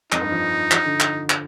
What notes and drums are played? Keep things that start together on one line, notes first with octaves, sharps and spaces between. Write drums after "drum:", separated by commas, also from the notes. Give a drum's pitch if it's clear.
F2 D#4, drum: clap
G2
F3
F3, drum: clap
D3
drum: clap
drum: clap